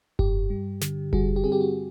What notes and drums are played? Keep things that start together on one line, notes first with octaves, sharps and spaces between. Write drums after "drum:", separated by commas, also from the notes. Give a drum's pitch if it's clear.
G2 G4, drum: kick F1
G3
D3, drum: snare
G3 F#4 G#4, drum: kick F1
G4
C4 G#4
G4
F#4